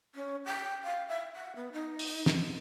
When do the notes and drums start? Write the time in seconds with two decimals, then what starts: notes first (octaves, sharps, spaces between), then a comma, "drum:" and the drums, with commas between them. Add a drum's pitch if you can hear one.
0.15 C#4
0.46 G5
0.84 F5
1.09 E5
1.36 F#5
1.56 B3
1.73 D#4
1.99 drum: open hi-hat
2.26 drum: snare